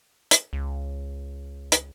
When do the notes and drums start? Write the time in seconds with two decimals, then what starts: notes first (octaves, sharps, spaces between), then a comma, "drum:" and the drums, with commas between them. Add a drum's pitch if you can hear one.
0.31 drum: hi-hat
0.53 C#2
1.72 drum: hi-hat